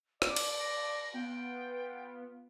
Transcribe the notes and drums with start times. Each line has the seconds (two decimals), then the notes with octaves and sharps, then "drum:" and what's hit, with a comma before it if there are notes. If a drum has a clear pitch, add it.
0.22 D5 D6, drum: rim click
0.36 drum: cymbal
0.59 A#6
1.14 B3 F4 G5